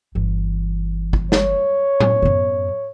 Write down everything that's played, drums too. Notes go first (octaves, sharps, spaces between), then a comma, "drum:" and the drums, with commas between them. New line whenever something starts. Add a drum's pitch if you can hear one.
G1 E3
drum: kick
C#5, drum: snare
drum: tom A2
F#2 B3